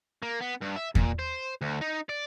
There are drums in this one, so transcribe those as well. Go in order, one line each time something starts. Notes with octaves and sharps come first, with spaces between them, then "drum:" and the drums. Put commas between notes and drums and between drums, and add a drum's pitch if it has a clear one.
A#3
B3
G2
E5
A#2, drum: kick E2
C5
D2
D#4
D5